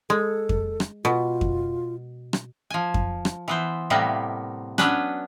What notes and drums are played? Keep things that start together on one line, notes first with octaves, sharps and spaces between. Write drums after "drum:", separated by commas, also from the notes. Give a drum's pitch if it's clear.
G#3 A4
drum: kick F2
drum: rim click
B2 F4
drum: kick F2
drum: rim click
F3 G#5
drum: kick F2
drum: rim click
E3 B3 C5
A2 C3 G3 A#3 B3
F#3 B3 C#4 D4 B4, drum: rim click